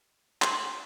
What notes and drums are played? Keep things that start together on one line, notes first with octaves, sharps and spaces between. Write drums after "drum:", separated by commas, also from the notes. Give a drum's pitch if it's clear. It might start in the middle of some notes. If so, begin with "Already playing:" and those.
C6, drum: clap